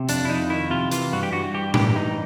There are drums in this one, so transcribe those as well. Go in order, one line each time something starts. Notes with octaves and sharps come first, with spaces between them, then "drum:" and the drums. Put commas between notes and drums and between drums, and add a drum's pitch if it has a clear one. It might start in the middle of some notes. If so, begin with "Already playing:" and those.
Already playing: C3
F2 D4, drum: hi-hat
E4
F2 D#4
D#3 E4
C3 F4
E3 F4, drum: hi-hat
G2 F#4
G4
G2 F#4
E3 G4
E3 G4, drum: tom A2
G2 D#4